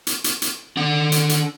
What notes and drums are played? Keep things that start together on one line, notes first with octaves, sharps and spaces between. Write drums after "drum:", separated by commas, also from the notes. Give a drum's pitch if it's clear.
drum: hi-hat
drum: hi-hat
drum: hi-hat
D4 F#5
drum: hi-hat
drum: hi-hat